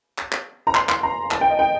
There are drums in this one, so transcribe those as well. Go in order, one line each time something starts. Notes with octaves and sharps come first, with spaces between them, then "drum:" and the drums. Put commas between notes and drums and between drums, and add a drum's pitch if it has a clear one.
drum: clap
drum: clap
A#5
C6, drum: clap
C6, drum: clap
A#5
A5, drum: clap
G5
D#5
G5